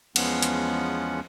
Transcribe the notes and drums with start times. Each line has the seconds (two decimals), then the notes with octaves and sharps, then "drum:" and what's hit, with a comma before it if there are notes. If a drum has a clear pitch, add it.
0.16 E2 F3 G#3 B3 C#4 F#5, drum: cymbal
0.42 drum: hi-hat